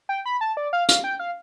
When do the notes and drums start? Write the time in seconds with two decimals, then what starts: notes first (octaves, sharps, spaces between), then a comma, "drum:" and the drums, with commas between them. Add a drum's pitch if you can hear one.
0.09 G5
0.26 B5
0.41 A5
0.57 D5
0.73 F5
0.89 F5, drum: hi-hat
1.04 G5
1.20 F5